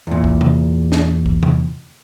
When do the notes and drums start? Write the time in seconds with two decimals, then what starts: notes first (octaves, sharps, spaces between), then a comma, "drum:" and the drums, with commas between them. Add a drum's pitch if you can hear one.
0.07 E2 A#2
0.24 drum: kick
0.41 drum: tom C3
0.92 drum: snare
1.26 drum: kick
1.43 drum: tom C3